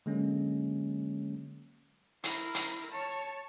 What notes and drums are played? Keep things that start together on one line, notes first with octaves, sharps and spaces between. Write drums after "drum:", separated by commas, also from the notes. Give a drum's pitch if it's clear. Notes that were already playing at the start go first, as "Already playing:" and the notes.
D3 F#3 G#3 A#3 C#4
E4 A#4, drum: hi-hat
drum: hi-hat
C#5 A5